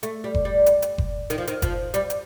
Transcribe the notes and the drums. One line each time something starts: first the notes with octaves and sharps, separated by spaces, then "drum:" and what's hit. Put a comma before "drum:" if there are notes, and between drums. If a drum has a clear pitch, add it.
A3, drum: hi-hat
G3
drum: kick F#1
G3
drum: hi-hat
drum: hi-hat
drum: kick F#1
D#3, drum: hi-hat
F3
D#3, drum: hi-hat
F3, drum: kick F#1, hi-hat
G3, drum: hi-hat
drum: hi-hat